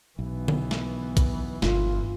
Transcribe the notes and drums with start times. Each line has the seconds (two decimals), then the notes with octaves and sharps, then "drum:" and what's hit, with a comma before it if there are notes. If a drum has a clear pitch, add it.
0.19 B1 E3 B3
0.48 drum: tom D3
0.71 drum: snare
1.17 drum: kick A#1, hi-hat
1.62 G1 F4, drum: snare